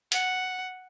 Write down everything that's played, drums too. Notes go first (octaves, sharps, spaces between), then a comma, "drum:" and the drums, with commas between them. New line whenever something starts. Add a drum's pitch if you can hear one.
F#5, drum: hi-hat